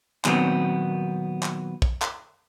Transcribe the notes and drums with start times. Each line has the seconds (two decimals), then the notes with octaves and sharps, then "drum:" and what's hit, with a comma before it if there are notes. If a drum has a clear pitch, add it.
0.25 A#2 D#3 F#3 G3 B3 C4, drum: clap
1.43 drum: clap
1.82 drum: kick
2.02 drum: clap